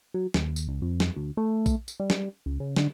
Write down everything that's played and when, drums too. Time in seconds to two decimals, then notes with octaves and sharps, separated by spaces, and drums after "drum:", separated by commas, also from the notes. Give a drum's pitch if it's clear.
0.14 F#3
0.34 D#2, drum: snare
0.56 drum: tambourine
0.68 C#2
0.82 F2
1.00 drum: snare
1.16 D2
1.37 A3
1.66 drum: kick A#1, tambourine
1.88 drum: tambourine
2.00 G3
2.10 drum: snare
2.46 C#2
2.60 C#3
2.76 D3, drum: snare